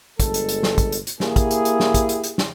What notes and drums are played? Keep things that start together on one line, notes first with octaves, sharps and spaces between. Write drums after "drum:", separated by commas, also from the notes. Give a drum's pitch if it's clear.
G1 G#3 A4, drum: kick, hi-hat
drum: hi-hat
drum: hi-hat
drum: snare
drum: kick, hi-hat
drum: hi-hat
drum: hi-hat
A#3 E4 G4 G#4, drum: snare
drum: kick, hi-hat
drum: hi-hat
drum: hi-hat
drum: snare
drum: kick, hi-hat
drum: hi-hat
drum: hi-hat
drum: snare